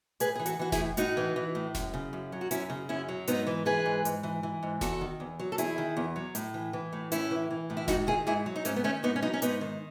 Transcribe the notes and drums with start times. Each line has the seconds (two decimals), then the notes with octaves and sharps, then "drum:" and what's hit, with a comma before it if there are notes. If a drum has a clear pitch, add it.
0.20 A2 G#4 B4, drum: hi-hat
0.35 E3 G#4
0.46 F#4 A4, drum: hi-hat
0.59 E3 F#4
0.72 E4 G#4, drum: snare F1
0.78 A2
0.97 A2 D#4 F#4, drum: hi-hat
1.17 E3
1.36 E3
1.55 A2
1.75 F#2, drum: snare F1
1.94 C#3
2.13 F#2
2.32 F#3
2.41 F#4
2.51 F#2 C#4 E4, drum: hi-hat
2.70 C#3
2.89 F#2 C#4 E4
3.09 F#3
3.27 G#2 B3 D#4, drum: hi-hat
3.47 E3
3.66 E3 G#4 B4
3.86 G#2
4.05 G#2, drum: hi-hat
4.23 E3
4.43 E3
4.63 G#2
4.81 E2 F#4 A4, drum: snare F1
5.01 D#3
5.20 E2
5.40 F#3
5.52 A4
5.58 E2 E4 G#4, drum: hi-hat
5.78 D#3
5.97 E2
6.16 F#3
6.35 A2, drum: hi-hat
6.54 E3
6.73 E3
6.93 A2
7.12 A2 C#4 E4, drum: hi-hat
7.31 E3
7.51 E3
7.70 A2
7.77 E4
7.88 G#2 D#4 F#4, drum: snare F1
8.07 D#3 E4 G#4
8.27 G#2 E4 G#4
8.46 F#3
8.56 D#4
8.65 G#2 A3 C#4, drum: hi-hat
8.76 B3
8.84 D#3 A3 C#4
9.03 G#2 B3 D#4
9.16 C#4
9.22 F#3 B3 D#4
9.34 C#4
9.42 G#2 B3 D#4, drum: hi-hat
9.61 D#3